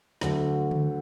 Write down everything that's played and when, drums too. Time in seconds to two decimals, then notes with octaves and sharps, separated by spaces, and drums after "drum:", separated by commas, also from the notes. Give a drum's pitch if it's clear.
0.21 D2 D3 F#3, drum: snare
0.71 drum: tom D3